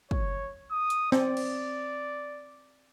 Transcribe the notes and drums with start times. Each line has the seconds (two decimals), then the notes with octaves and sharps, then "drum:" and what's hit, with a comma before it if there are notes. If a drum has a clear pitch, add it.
0.11 C#5, drum: kick
0.71 D#6
0.90 drum: hi-hat
1.12 C4 D5, drum: snare
1.37 drum: cymbal